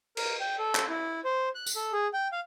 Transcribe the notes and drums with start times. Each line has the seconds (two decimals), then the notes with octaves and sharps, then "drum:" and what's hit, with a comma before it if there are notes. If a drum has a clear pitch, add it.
0.17 A#4, drum: cymbal
0.40 G5
0.58 A4
0.75 drum: clap
0.89 E4
1.24 C5
1.55 F#6
1.67 drum: tambourine
1.76 A4
1.93 G#4
2.14 G5
2.32 F5